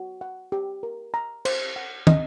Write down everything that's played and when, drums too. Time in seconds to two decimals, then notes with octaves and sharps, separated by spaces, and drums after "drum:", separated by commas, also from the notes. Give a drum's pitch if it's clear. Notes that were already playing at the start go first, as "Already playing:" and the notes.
Already playing: F#4
0.21 F#5
0.52 G4
0.83 A#4
1.14 A#5
1.45 C5, drum: cymbal
1.76 F#5
2.07 D#5, drum: tom